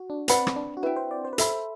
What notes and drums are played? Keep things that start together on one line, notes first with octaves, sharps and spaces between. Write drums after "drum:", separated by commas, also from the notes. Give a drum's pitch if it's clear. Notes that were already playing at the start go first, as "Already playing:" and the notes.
Already playing: F#4
D4
C4 B4 D5 F#5 B5, drum: hi-hat
drum: rim click
D4
F#4
E4 B4 E5 G5
C5
D5
C5
B4
A4 C5 E5 B5, drum: hi-hat